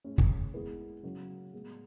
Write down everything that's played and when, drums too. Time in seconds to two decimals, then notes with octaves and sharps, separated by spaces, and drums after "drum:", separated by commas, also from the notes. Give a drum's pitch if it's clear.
0.04 A2 G#3 C#4
0.18 drum: kick
0.54 G#3 B3 E4 G#4 B4
1.03 C#3 F#3 C#4
1.52 A2 G#3 B3